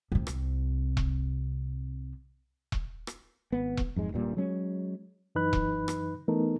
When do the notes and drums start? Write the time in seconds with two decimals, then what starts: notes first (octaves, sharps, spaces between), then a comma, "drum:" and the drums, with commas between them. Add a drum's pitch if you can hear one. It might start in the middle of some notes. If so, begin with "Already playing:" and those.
0.12 C2 C3
0.27 drum: rim click
0.97 drum: kick E1
2.72 drum: kick E1
3.07 drum: rim click
3.52 G#1 B3
3.77 drum: kick E1
3.96 F2 G#2 G#3
4.12 D#1 G2 A#2 G3
4.37 F#3 G#3 C#4
5.35 F#2 E3 D#4 B4 B5 F#6
5.53 drum: kick E1
5.88 drum: rim click
6.28 E3 A3 B3 D#4 A4 A#4